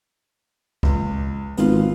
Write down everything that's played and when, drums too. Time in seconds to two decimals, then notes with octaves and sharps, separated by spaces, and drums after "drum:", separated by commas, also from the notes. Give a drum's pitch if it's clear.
0.83 C#2, drum: kick C#2
1.57 G#1 B3 F4, drum: hi-hat